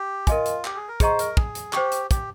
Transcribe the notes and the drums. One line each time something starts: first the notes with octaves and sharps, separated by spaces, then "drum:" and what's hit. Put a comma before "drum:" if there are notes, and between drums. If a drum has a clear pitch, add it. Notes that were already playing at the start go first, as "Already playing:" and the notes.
Already playing: G4
F4 A#4 D#5 G#5, drum: kick, hi-hat
drum: hi-hat
G4, drum: clap
G#4
A#4
G#4 C5 D#5 A#5 C#6, drum: kick, hi-hat
A#4, drum: hi-hat
G#4, drum: kick
drum: hi-hat
G4 C5 G5 C#6, drum: clap
drum: hi-hat
G4, drum: kick, hi-hat